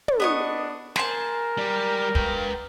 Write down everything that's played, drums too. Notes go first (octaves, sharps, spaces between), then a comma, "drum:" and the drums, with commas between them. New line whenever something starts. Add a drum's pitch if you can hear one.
drum: tom
B3 D4 D#5 C#6
G#4 A#4 C5 A5, drum: snare
G3
B4 G5, drum: kick